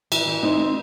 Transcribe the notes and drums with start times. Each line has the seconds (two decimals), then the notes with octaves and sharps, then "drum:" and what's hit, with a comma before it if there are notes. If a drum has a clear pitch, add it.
0.12 E3, drum: cymbal
0.27 E3
0.43 C4 D#4
0.59 C4